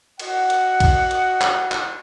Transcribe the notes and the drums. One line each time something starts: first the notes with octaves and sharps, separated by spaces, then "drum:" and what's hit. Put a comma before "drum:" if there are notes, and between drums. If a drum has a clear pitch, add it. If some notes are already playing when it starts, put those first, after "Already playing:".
F#4 D#5 F#5, drum: cymbal
drum: cymbal
drum: kick A#1, cymbal
drum: cymbal
drum: clap
drum: clap